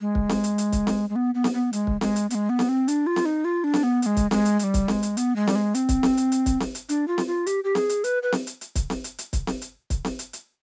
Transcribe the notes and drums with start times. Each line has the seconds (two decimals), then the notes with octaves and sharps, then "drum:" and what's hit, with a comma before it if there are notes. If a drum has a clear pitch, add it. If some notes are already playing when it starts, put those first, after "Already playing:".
0.01 G#3
0.15 drum: kick
0.29 drum: snare C4
0.44 drum: hi-hat
0.58 drum: hi-hat
0.72 drum: kick, hi-hat
0.87 drum: snare C4
1.10 G#3
1.16 B3
1.35 B3
1.44 drum: snare C4
1.54 B3
1.73 G#3, drum: hi-hat
1.87 drum: kick
2.01 G#3, drum: snare C4
2.16 drum: hi-hat
2.30 B3, drum: hi-hat
2.35 G#3
2.49 B3
2.59 drum: snare C4
2.69 C4
2.88 D4, drum: hi-hat
3.07 F4
3.16 drum: snare C4
3.25 D#4
3.45 F4
3.64 D4
3.74 drum: snare C4
3.83 B3
4.02 B3, drum: hi-hat
4.06 G#3
4.17 drum: kick, hi-hat
4.31 G#3, drum: snare C4
4.45 drum: hi-hat
4.59 G#3, drum: hi-hat
4.64 G3
4.74 drum: kick, hi-hat
4.88 G#3, drum: snare C4
5.03 drum: hi-hat
5.17 B3, drum: hi-hat
5.36 G#3
5.47 G3, drum: snare C4
5.55 G#3
5.75 C4, drum: hi-hat
5.89 drum: kick, hi-hat
6.03 drum: snare C4
6.17 drum: hi-hat
6.32 drum: hi-hat
6.46 drum: kick, hi-hat
6.60 drum: snare C4
6.75 drum: hi-hat
6.89 D4, drum: hi-hat
7.08 F4
7.18 drum: snare C4
7.27 F4
7.47 G4, drum: hi-hat
7.64 G4
7.75 G#4, drum: snare C4
7.89 drum: hi-hat
8.04 B4, drum: hi-hat
8.23 B4
8.32 drum: snare C4
8.47 drum: hi-hat
8.61 drum: hi-hat
8.75 drum: kick, hi-hat
8.90 drum: snare C4
9.04 drum: hi-hat
9.19 drum: hi-hat
9.33 drum: kick, hi-hat
9.47 drum: snare C4
9.62 drum: hi-hat
9.90 drum: kick, hi-hat
10.05 drum: snare C4
10.19 drum: hi-hat
10.33 drum: hi-hat